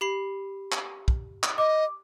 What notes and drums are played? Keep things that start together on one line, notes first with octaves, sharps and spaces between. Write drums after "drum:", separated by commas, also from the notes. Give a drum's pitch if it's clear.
G4 B5 C7
drum: clap
drum: kick
drum: clap
D#5 D6